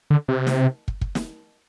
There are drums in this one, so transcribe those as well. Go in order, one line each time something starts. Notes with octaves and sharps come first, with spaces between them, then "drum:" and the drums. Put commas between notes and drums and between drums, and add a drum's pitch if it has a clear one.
D3
C3
drum: snare
drum: kick
drum: kick
drum: snare